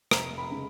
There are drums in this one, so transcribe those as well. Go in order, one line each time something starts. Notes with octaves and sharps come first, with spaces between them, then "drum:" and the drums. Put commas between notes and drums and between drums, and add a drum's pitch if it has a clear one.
F1 A#5, drum: rim click
B5
C#3 G#3